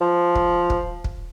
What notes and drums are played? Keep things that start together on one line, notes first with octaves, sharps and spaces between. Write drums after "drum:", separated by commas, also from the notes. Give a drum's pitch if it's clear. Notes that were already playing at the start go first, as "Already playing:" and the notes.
F3
drum: kick
drum: kick
drum: kick